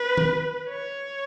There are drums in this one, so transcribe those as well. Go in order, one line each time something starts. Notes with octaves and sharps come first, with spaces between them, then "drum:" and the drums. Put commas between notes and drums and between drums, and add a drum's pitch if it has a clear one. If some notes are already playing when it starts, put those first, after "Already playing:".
Already playing: B4
drum: tom
C#5